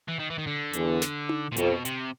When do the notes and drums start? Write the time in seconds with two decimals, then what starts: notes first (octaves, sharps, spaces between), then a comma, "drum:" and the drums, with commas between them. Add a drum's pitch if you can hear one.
0.08 E3
0.19 D#3
0.30 E3
0.38 D#3
0.47 D3
0.73 E2, drum: hi-hat
1.02 drum: snare
1.29 drum: tom D#4
1.52 A#2
1.57 F2 B2, drum: hi-hat
1.85 C3, drum: hi-hat